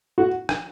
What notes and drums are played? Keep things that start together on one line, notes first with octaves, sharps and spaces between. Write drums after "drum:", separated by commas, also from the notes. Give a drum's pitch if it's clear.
F#4
drum: rim click